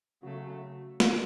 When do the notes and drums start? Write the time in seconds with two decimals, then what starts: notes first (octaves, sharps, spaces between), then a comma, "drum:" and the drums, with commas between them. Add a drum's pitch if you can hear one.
0.23 C#3 F#3 A3 F#4
1.00 drum: snare